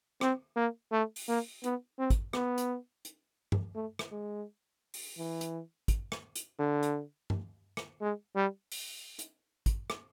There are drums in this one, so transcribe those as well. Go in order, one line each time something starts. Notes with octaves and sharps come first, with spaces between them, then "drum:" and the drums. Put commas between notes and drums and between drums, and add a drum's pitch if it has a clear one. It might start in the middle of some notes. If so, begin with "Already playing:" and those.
C4, drum: rim click
A#3
A3
drum: open hi-hat
A#3
B3, drum: hi-hat
C4
drum: kick, hi-hat
B3, drum: rim click
drum: hi-hat
drum: hi-hat
drum: tom G2
A3
drum: rim click
G#3
drum: open hi-hat
E3
drum: hi-hat
drum: kick, hi-hat
drum: rim click
drum: hi-hat
D3
drum: hi-hat
drum: tom G2
drum: rim click
G#3
G3
drum: open hi-hat
drum: hi-hat
drum: kick, hi-hat
drum: rim click